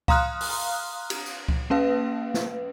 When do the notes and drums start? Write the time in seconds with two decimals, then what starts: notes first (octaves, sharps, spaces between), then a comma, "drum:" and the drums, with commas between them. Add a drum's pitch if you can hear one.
0.08 F5 A#5 C6 D#6 F6 F#6, drum: kick C#2
0.41 drum: open hi-hat
1.10 drum: cymbal
1.26 drum: tambourine
1.48 drum: kick C#2
1.70 A#3 C#4 B4 F5
2.34 drum: snare